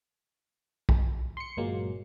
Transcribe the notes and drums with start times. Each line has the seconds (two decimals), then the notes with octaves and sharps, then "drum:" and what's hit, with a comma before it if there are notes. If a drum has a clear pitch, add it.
0.89 drum: kick B1
1.37 C6 C#7
1.57 G1 A#2 F#3 G#3 A#3